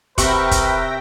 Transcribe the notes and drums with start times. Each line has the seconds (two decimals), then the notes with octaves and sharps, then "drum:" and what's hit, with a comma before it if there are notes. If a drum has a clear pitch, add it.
0.18 C3 A#4 B4 E5 F#5 G5 C#6 A#6, drum: kick, hi-hat
0.51 drum: kick, hi-hat